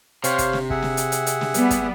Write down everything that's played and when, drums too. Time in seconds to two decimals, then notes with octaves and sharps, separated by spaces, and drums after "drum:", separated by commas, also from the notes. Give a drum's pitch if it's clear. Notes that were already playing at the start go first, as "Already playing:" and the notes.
0.24 C3 C5 C#5 F5, drum: hi-hat
0.38 drum: kick, hi-hat
0.53 drum: snare
0.70 G#4 E5 F#5, drum: kick
0.82 drum: snare
0.97 drum: hi-hat
1.12 drum: hi-hat
1.26 drum: hi-hat
1.41 drum: snare
1.54 G3 B3, drum: hi-hat
1.71 drum: kick, hi-hat